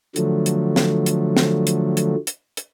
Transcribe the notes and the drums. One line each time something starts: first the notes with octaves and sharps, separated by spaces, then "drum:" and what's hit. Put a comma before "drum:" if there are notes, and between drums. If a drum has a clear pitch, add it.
D3 F3 F#3 A3, drum: hi-hat
drum: hi-hat
drum: snare
drum: hi-hat
drum: snare
drum: hi-hat
drum: hi-hat
drum: hi-hat
drum: hi-hat